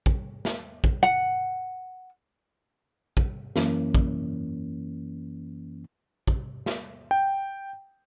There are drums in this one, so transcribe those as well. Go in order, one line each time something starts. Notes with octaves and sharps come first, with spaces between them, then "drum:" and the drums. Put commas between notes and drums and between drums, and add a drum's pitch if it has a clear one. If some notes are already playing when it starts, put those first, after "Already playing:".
drum: kick
drum: snare
drum: kick
F#5
drum: kick
F#2 E3 A#3 C#4, drum: snare
drum: kick
drum: kick
drum: snare
G5